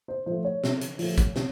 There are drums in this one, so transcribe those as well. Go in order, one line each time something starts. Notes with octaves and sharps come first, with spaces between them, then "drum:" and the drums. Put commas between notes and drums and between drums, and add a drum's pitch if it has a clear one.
C5
F3 A3 C5
C#5
C3, drum: snare
drum: hi-hat
F3 A3, drum: open hi-hat
drum: kick G#1, hi-hat
C3, drum: snare